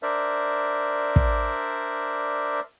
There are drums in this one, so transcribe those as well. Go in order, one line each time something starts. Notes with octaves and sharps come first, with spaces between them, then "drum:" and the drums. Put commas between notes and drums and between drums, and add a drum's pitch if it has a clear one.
D4 A#4 C5 D5 E5
drum: kick